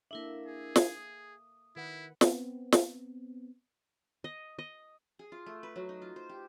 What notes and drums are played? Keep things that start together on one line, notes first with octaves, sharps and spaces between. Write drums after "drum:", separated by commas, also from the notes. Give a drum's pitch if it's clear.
A#3 D4 E4 A4 A#4 E5
G#4
drum: snare
D#6
D#3 E4 B4 F#5
B3 C4, drum: snare
drum: snare
D#5
D#5
G#4
F4
A3
B4
F#3
D#4
F4
C5
G4